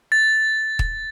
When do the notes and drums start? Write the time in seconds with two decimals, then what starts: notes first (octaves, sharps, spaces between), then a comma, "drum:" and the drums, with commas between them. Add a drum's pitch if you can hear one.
0.12 A6
0.79 drum: kick